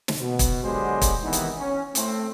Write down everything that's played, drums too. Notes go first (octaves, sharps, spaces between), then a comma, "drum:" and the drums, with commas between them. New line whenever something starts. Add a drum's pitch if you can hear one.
drum: snare
B2
drum: kick, hi-hat
D3 F#3 G#3 B3 G4 C5
drum: kick, hi-hat
C3 D#3 E3 B3 D#4
drum: hi-hat
C#4
A2 A3 C4, drum: hi-hat